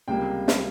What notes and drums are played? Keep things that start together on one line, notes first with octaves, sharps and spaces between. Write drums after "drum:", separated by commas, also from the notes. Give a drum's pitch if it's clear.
C#2 C3 G3 A#3 G5
drum: snare